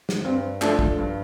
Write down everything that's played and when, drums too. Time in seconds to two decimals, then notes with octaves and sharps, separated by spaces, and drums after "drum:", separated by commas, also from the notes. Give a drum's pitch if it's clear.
0.09 drum: snare
0.25 G2 C4
0.62 F3 A3 D4 A4, drum: clap
0.79 drum: kick
0.99 G2